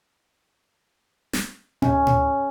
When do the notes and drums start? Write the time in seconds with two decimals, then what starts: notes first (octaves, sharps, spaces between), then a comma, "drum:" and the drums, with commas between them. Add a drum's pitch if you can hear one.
1.33 drum: snare
1.82 C#4, drum: tom A2
2.07 drum: tom A2